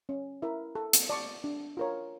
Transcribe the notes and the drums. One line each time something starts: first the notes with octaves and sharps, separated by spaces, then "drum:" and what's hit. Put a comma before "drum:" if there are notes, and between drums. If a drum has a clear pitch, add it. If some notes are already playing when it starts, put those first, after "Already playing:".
C#4
E4 A#4 E5
A4
drum: hi-hat
D5 A5 C#6
D4
F4 A#4 C#5